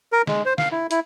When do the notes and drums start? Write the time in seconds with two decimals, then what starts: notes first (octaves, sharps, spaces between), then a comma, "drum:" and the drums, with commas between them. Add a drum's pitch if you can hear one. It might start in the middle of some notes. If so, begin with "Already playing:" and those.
0.12 A#4
0.27 G#3, drum: snare
0.46 C5
0.58 F5, drum: snare
0.72 E4
0.91 E4, drum: hi-hat